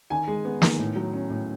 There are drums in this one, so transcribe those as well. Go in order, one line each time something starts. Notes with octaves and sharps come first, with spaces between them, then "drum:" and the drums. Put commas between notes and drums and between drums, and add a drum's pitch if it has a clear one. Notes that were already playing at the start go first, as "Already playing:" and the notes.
D#3 G#5
G#3
B3
D#3, drum: snare
A2
F#3
C#4
A2